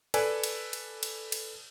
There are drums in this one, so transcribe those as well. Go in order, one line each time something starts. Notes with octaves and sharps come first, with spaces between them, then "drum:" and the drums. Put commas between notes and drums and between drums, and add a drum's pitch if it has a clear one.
A4 B4 D5 G#5, drum: cymbal
drum: cymbal
drum: cymbal
drum: cymbal
drum: cymbal